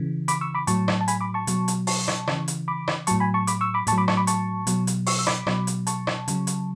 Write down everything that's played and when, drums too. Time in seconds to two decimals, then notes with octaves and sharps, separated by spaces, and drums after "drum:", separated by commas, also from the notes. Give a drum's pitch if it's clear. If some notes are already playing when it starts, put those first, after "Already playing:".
Already playing: C#3 E3
0.28 B5 D6, drum: hi-hat
0.41 C#6 E6
0.55 B5 D6
0.67 A2 F#3 A5 C#6, drum: hi-hat
0.88 drum: rim click
1.01 A5
1.08 G#5 B5, drum: hi-hat
1.21 B5 D6
1.34 A5 C#6
1.47 B2 F#3, drum: hi-hat
1.68 drum: hi-hat
1.87 A5 C#6, drum: open hi-hat
2.08 drum: rim click
2.27 C#3 E3, drum: rim click
2.48 drum: hi-hat
2.68 B5 D6
2.88 drum: rim click
3.07 A2 F#3 A5 C#6, drum: hi-hat
3.20 G#5 B5
3.34 A5 C#6
3.47 B5 D6, drum: hi-hat
3.61 C#6 E6
3.74 B5 D6
3.87 A2 A5 C#6, drum: hi-hat
3.92 F#3
3.98 B5 D6
4.08 A5 C#6, drum: rim click
4.17 B5 D6
4.27 A5 C#6, drum: hi-hat
4.67 B2 F#3, drum: hi-hat
4.87 drum: hi-hat
5.07 C#6 E6, drum: open hi-hat
5.19 E6
5.27 B5 D6, drum: rim click
5.47 B2 F#3, drum: rim click
5.67 drum: hi-hat
5.87 A5 C#6, drum: hi-hat
6.07 drum: rim click
6.28 C#3 F#3, drum: hi-hat
6.47 drum: hi-hat